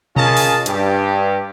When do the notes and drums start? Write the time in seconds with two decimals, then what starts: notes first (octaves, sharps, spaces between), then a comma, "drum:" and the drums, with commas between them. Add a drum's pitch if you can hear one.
0.16 C#4 F4 G#4 A#4 D#5 A5, drum: tom B2
0.37 drum: open hi-hat
0.66 G2 G4, drum: hi-hat